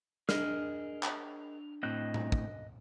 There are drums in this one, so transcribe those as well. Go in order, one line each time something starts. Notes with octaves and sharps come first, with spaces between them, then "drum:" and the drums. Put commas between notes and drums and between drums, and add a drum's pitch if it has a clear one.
D4 G#4 A#4 D#5 F6, drum: snare
drum: clap
A2 C4 D#5 F#6
drum: tom A2
drum: kick